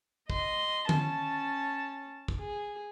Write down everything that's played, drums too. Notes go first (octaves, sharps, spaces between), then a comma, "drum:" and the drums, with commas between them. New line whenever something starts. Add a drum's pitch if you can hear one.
D#5 C6, drum: kick
C#4 A5, drum: tom D3
drum: kick
G#4